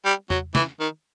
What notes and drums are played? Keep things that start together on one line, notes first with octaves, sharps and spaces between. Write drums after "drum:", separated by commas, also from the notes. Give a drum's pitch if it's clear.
G3
F#3, drum: tom E2
E3, drum: snare
D#3